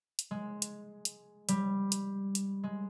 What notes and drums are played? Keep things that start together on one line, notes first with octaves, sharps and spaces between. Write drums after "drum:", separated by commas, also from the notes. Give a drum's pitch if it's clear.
drum: hi-hat
G#3
drum: hi-hat
drum: hi-hat
G3, drum: hi-hat
drum: hi-hat
drum: hi-hat
G#3